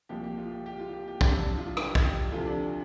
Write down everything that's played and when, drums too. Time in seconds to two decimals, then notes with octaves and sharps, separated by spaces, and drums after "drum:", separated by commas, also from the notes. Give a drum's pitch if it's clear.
0.09 C2 A#2 F3 G4
0.24 G4
0.38 F4
0.51 G4
0.66 G4
0.80 F4
0.93 G4
1.08 G4
1.21 C2 C3 F3 D4, drum: kick
1.39 D4
1.58 F4
1.77 G4, drum: rim click
1.95 drum: kick
2.05 G4
2.32 D2 C3 F3 F4
2.46 D4